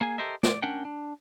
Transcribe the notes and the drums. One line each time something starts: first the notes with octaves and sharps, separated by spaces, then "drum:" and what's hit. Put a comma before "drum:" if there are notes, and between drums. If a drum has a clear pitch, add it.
A#3 G#4 G#5
G4 A4 A#4 C5 D#5 E5
D5, drum: snare
C#4 D4 A#4 F#5 G5
D4